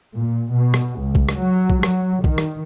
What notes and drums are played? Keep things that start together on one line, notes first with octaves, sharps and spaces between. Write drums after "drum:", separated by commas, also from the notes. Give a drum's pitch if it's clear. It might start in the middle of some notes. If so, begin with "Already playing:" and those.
A#2
B2
drum: rim click
C#2
drum: kick
drum: rim click
F#3
drum: kick
F#3, drum: rim click
D#3, drum: kick
drum: rim click